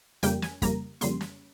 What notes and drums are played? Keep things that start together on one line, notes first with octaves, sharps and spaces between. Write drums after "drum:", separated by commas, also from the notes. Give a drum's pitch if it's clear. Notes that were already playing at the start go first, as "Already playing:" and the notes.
F2 C#3 G3 A#3 G5, drum: hi-hat
G#5, drum: snare
F2 C#3 G3 A#3 A#5, drum: kick, hi-hat
F2 C#3 G3 A#3 C6, drum: hi-hat
drum: snare